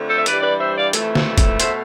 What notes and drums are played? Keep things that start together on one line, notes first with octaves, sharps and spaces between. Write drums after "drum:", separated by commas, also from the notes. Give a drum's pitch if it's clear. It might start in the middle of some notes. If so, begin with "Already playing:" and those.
Already playing: F2 D3 A3
A4 C5
E5
G2 E3 G3 B4 D5, drum: hi-hat
B4 D5
C5 E5
D5 F5
F2 E3 A3, drum: hi-hat
drum: snare
drum: kick, hi-hat
B2 A3 C5 E5, drum: hi-hat